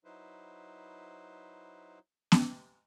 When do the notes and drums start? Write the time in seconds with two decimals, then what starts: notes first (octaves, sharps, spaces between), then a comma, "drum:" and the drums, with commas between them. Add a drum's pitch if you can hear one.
0.05 F#3 D#4 E4 B4 C5
2.32 drum: snare B3